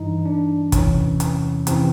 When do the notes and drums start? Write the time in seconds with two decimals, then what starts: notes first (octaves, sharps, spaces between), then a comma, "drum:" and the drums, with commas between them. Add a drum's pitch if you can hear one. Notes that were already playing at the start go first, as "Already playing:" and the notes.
Already playing: G2 E3 D#4
0.25 D4
0.72 E2 C3 E3 C#4, drum: kick, hi-hat
1.20 drum: hi-hat
1.67 F2 C3 E3 C4, drum: hi-hat